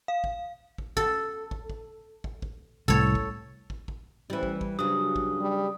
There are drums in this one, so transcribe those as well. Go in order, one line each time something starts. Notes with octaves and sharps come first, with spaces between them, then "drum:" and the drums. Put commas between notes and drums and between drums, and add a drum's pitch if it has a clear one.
F5
drum: kick
drum: kick
A4, drum: kick
drum: kick
drum: kick
drum: kick
drum: kick
C2 A2 A4 C#5
drum: kick
drum: kick
drum: kick
A1 E3 G3
drum: kick
drum: kick
G2 C#3 F#3 D#6
drum: kick
G3